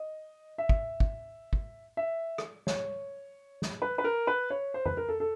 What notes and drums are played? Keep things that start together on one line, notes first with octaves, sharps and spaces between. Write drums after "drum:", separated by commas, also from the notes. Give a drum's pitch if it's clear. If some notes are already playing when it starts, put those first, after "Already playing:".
Already playing: D#5
E5
drum: kick
drum: kick
drum: kick
E5
drum: rim click
C#5, drum: snare
drum: snare
B4
B4
A#4
B4
C#5
C5
B4, drum: tom F2
A#4
A4
A4